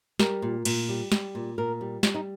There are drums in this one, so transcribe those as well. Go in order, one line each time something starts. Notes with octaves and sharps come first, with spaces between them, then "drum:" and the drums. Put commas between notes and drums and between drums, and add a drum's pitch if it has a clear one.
G3 A#4, drum: snare
A#2
A#2, drum: cymbal
G3
G3, drum: snare
A#2
A#2 A#4
G3
G3 F4, drum: snare
D#4